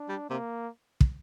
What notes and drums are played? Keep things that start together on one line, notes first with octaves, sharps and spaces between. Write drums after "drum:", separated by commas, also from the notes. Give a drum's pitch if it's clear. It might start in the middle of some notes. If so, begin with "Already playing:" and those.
Already playing: D4
G3
C3 A#3
drum: kick